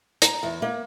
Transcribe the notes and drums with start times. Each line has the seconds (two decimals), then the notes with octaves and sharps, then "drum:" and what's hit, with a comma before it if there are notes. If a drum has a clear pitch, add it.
0.22 A#5, drum: hi-hat
0.43 E2
0.62 A#3